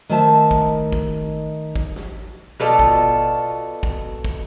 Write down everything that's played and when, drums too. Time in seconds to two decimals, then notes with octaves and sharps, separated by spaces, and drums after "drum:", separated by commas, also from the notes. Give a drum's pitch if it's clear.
0.09 D#3 A3 D#4 C5 E5 A5
0.51 drum: kick
0.92 drum: kick
1.76 drum: kick
1.96 drum: snare
2.60 B2 F4 A4 D5, drum: snare
2.79 drum: kick
3.83 drum: kick
4.25 drum: kick